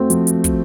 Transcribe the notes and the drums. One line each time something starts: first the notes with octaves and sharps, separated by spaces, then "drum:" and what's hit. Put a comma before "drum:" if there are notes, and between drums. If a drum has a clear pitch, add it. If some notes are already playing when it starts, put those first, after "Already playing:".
Already playing: A3 C4 F#4
F3, drum: hi-hat
drum: hi-hat
drum: kick, hi-hat